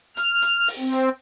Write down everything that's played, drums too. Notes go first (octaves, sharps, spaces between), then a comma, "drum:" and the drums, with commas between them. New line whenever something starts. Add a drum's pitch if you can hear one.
F6, drum: hi-hat
drum: hi-hat
drum: open hi-hat
C4
drum: hi-hat